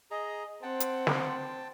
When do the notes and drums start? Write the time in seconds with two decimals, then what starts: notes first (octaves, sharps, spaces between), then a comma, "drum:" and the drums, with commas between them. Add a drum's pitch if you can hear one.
0.11 G#4 D#5 A#5
0.63 C4 F#5 G5 A5
0.80 drum: hi-hat
1.07 drum: snare